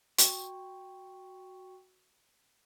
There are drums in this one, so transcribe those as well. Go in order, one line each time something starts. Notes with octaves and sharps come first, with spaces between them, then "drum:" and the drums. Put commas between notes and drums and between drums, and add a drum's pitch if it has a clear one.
F#4 G5 C#6, drum: hi-hat